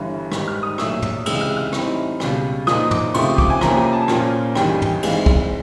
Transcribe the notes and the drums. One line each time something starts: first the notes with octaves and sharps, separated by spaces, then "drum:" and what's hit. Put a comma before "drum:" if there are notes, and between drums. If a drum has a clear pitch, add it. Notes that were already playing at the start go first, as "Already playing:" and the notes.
Already playing: G1 G2 E3
G#2 D#3 G3, drum: rim click
F6
D#6
B1 A#2 F#3 A3 E6, drum: rim click
drum: tom
C#2 C3 E3 G#3 E6, drum: cymbal
F6
F6
A2 E3 G3 C4 D#4, drum: rim click
C#2 B2 G3, drum: rim click
A#2 F3 A#3 D#4 D#6, drum: rim click
D6, drum: tom
C#2 C3 F3 A3 C#6, drum: cymbal
D6, drum: kick
G#5
F2 C3 F3 A#3 C#4 A#5, drum: rim click
G#5
A5
A#2 F3 A#3 C#4 F4 G5, drum: rim click
A1 G2 D#3 G3 G5, drum: rim click
G#5
G5, drum: tom
G#2 E3 G#3 C4 F5, drum: cymbal
drum: kick